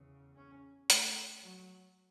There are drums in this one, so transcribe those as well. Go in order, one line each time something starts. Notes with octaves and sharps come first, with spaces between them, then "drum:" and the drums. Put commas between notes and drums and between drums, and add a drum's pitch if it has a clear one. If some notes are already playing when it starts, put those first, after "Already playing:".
Already playing: E2 C#3
C#4
A3, drum: hi-hat
F#3